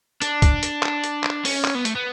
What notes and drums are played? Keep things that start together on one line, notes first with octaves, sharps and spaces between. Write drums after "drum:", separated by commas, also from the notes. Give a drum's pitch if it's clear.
D4, drum: hi-hat
drum: kick, hi-hat
drum: hi-hat
drum: clap
drum: hi-hat
drum: clap
C#4, drum: open hi-hat
drum: clap
B3
A3, drum: hi-hat
B3